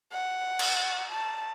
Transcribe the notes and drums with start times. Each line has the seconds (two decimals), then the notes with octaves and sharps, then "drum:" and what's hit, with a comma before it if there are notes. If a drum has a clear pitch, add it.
0.13 F#5
0.59 drum: cymbal
1.12 A5